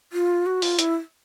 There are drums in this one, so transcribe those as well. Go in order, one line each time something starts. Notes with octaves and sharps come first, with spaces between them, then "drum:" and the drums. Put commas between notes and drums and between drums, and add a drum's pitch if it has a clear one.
F4
F#4
F4, drum: open hi-hat
E4, drum: hi-hat